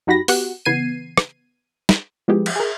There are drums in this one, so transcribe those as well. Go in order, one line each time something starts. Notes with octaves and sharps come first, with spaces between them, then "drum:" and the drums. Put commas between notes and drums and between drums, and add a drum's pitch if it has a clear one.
F#2 D#4 F#4 G4 B5 A#6
B3 F#4 G4 F#5, drum: open hi-hat
C#3 E3 B3 G#6 C7 D#7
drum: rim click
drum: snare
F3 G#3 B3 E4 G4 G#4
drum: cymbal
G#4 A#4